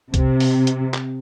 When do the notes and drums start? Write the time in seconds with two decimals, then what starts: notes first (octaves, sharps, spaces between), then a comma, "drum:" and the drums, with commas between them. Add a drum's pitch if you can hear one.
0.14 C3, drum: kick C2, hi-hat
0.40 drum: open hi-hat
0.67 drum: hi-hat
0.94 drum: clap